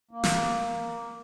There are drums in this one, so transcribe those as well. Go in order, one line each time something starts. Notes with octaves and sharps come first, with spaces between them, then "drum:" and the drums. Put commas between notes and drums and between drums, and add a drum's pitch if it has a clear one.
A#3
drum: snare